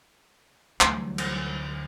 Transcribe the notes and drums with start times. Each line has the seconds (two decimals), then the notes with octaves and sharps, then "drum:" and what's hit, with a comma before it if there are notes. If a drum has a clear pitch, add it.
0.81 D2 E3 F#3 G3, drum: clap
1.18 drum: cymbal